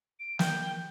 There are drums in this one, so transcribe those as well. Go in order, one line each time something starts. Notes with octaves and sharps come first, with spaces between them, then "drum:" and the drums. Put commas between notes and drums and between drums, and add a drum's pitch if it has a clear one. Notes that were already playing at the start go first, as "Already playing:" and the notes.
D7
G5, drum: snare